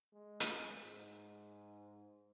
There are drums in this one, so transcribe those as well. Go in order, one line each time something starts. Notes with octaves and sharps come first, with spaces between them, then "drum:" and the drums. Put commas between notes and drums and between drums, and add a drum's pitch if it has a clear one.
G#3
drum: hi-hat
G#2